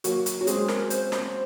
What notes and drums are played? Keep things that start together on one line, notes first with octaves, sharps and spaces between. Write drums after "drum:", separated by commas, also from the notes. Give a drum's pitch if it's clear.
F#3 A#3 F#4, drum: hi-hat
drum: hi-hat
C#4 F#4
G#3 C4 G#4, drum: hi-hat
A#4, drum: snare
C5, drum: hi-hat
drum: snare